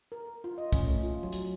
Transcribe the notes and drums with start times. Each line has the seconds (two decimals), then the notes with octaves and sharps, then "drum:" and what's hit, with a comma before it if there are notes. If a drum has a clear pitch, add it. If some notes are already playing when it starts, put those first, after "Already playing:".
0.12 A#4
0.44 F4
0.58 D#5
0.73 C#4, drum: kick, hi-hat
0.87 A3
1.03 F4
1.23 F#3
1.32 drum: hi-hat